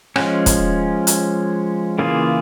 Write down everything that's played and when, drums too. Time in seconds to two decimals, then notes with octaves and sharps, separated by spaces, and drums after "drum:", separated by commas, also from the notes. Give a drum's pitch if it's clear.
0.16 F3 G#3 C#4, drum: rim click
0.46 drum: kick E1, hi-hat
1.07 drum: hi-hat
1.99 C#3 E3 A#3 F4 G#4